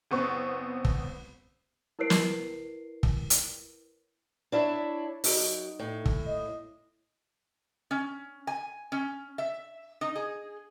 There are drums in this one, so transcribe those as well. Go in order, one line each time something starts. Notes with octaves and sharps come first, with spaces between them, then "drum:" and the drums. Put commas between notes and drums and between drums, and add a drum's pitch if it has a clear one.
F#1 B3 C4 C#6
drum: kick
E4 A#4 B4 C#5 C7 D7
drum: snare
drum: kick
drum: hi-hat
D4 E4 C#5 E5
F#2 D#4, drum: open hi-hat
A2
drum: kick
D#5
C#4
G#5
C#4
E5
D#4
G#4